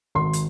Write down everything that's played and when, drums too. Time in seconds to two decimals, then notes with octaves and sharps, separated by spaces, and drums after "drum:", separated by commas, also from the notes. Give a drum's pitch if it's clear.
0.15 G#1 C6
0.33 drum: hi-hat